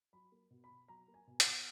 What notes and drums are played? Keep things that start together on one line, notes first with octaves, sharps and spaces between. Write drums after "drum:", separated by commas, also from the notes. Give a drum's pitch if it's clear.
F#3 B5
A#3
B2
B5
B2
F#3 A#5
A#3
G#5
B2
F#5, drum: hi-hat
B2